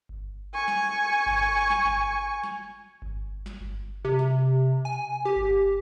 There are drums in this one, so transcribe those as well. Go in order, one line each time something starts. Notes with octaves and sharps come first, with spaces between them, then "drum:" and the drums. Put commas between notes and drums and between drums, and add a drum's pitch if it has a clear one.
drum: kick G1
G#5 C#6
drum: snare
drum: kick G1
drum: snare
drum: kick G1
drum: snare
drum: kick G1
drum: snare
drum: kick G1
C3
drum: snare
G#5
G4
drum: kick G1